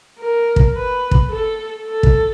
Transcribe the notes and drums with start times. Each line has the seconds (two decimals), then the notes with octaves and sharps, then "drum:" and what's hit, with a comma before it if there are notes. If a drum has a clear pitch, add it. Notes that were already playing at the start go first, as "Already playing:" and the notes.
0.20 A#4
0.56 drum: kick
0.75 B4
1.11 drum: kick
1.30 A4
1.85 A4
2.03 drum: kick